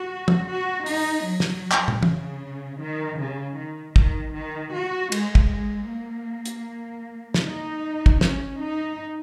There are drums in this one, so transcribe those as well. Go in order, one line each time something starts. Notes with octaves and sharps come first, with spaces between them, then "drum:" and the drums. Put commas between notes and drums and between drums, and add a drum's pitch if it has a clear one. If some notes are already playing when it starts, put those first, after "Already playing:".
Already playing: F#4
drum: tom
F#4
D#4, drum: open hi-hat
F#3
drum: snare
drum: clap
drum: tom
C#3, drum: tom
D#3
C#3
D#3
D#3, drum: kick
D#3
F#4
G#3, drum: cymbal
drum: kick
G#3
A#3
drum: hi-hat
drum: snare
D#4
drum: kick
C#4, drum: snare
D#4